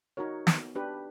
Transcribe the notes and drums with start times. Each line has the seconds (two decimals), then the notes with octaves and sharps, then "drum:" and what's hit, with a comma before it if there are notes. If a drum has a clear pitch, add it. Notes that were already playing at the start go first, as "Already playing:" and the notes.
0.17 D#4 F#4 A#4 C#5
0.47 B3, drum: snare
0.75 D4 G4 B4